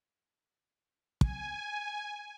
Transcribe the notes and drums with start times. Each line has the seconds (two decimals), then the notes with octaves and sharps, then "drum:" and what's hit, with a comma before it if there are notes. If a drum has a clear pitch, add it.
1.21 G#5, drum: kick